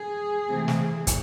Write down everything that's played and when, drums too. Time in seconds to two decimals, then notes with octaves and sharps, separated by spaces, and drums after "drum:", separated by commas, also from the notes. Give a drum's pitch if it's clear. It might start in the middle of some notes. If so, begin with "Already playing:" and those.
Already playing: G#4
0.48 C3 E3 A3 C4
0.68 drum: snare
1.07 drum: kick, hi-hat